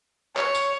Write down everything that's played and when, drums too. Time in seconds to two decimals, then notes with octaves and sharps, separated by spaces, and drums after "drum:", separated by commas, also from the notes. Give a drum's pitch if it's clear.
0.37 C#5, drum: clap
0.55 drum: tambourine